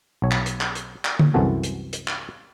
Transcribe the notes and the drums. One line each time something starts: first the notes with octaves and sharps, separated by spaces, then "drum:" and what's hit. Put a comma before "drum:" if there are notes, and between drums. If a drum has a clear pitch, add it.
B1 C#5
drum: clap
drum: hi-hat
drum: clap
drum: hi-hat
drum: clap
drum: tom D3
C2 F#2 E3 C4 F#4 A4
drum: hi-hat
drum: hi-hat
drum: clap